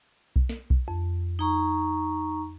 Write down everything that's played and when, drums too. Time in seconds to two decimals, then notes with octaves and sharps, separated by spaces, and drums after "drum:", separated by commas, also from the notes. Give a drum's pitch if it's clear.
0.36 drum: kick B1
0.49 drum: snare
0.70 drum: kick B1
0.88 F2
1.39 D#4 A#5 C#6